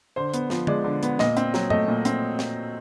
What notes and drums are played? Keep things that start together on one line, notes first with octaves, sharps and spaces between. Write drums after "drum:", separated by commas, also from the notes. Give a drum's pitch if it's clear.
D3 C5
B3, drum: hi-hat
F3, drum: snare
G#3 D5, drum: tom
D3
B3, drum: hi-hat
A#2 D#5, drum: snare
C4, drum: hi-hat
F#3, drum: snare
A3 D#5, drum: tom
A#2
C4, drum: hi-hat
drum: snare